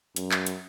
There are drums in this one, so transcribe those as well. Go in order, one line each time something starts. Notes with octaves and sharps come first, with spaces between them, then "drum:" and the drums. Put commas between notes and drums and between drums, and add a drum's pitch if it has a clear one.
F#2, drum: hi-hat
drum: clap
drum: hi-hat